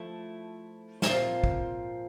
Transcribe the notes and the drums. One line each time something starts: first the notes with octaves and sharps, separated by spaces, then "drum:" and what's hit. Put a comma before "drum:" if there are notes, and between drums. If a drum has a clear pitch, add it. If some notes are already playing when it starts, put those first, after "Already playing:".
Already playing: F3 A3 E4
A#2 F3 C4 F4 C5 E5, drum: snare
drum: kick